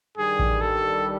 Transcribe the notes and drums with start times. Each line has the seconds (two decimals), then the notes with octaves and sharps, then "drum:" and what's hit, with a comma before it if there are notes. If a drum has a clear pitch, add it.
0.18 G2 D#3 G3 G#4
0.39 drum: kick A1
0.61 A4